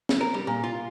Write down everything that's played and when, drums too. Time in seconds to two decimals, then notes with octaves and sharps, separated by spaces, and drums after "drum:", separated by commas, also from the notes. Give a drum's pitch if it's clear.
0.09 drum: snare
0.21 A#4
0.34 G3
0.47 A#2
0.63 F4